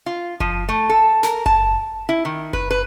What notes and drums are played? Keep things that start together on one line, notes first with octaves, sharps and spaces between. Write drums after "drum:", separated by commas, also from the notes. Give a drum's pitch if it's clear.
F4
F3, drum: kick F#1
A3
A4
A#4, drum: snare
A5, drum: kick F#1
E4
D#3
B4, drum: kick F#1
B4